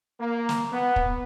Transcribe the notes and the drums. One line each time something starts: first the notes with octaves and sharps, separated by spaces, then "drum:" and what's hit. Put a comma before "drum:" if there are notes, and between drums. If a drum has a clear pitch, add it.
A#3
drum: snare
B3
drum: kick